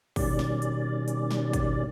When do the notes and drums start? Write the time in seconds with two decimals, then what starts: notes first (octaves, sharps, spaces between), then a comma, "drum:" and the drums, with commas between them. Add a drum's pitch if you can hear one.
0.16 B2 D#3 G3 C#4 D5, drum: kick, open hi-hat
0.39 drum: snare
0.62 drum: hi-hat
1.08 drum: hi-hat
1.31 drum: snare
1.53 drum: kick, hi-hat